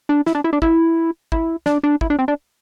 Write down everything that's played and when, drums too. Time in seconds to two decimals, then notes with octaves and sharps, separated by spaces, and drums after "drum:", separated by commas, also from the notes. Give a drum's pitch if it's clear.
0.09 D4
0.26 E4, drum: snare
0.35 D4
0.44 E4
0.53 D4
0.62 E4, drum: kick
1.32 E4, drum: kick
1.66 D4, drum: snare
1.83 D4
2.01 E4, drum: kick
2.10 D4
2.19 C4
2.28 D4